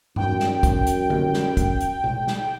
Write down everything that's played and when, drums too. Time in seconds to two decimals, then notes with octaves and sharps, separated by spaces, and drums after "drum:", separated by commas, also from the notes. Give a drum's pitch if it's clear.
0.16 F#2 G5, drum: tom G2
0.40 drum: snare
0.63 drum: kick, hi-hat
0.87 drum: hi-hat
1.10 drum: tom D3
1.34 drum: snare
1.57 drum: kick, hi-hat
1.80 drum: hi-hat
2.04 drum: tom B2
2.27 drum: snare